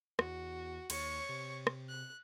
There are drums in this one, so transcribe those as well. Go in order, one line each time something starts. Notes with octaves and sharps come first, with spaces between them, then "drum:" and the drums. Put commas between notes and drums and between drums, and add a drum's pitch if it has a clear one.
E2 F#4, drum: rim click
D#2 C#5 C#6, drum: cymbal
C3
drum: rim click
F#6